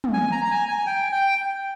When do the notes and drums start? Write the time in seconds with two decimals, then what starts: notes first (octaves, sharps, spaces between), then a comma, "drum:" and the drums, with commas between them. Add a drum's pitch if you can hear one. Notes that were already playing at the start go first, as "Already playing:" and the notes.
0.04 drum: tom
0.13 G#5
0.32 A#5
0.45 A#5
0.51 G#5
0.68 G#5
0.87 G5
1.12 G5